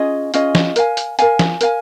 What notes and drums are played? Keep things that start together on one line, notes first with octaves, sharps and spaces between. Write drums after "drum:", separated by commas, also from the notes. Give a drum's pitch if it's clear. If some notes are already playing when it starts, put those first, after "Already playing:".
Already playing: C#4 F4 G#4 D#5
C#4 F4 G#4 D#5, drum: hi-hat
drum: snare
A#4 F5 G#5, drum: hi-hat
drum: hi-hat
A#4 F5 G#5, drum: hi-hat
drum: snare
A#4 F5 G#5, drum: hi-hat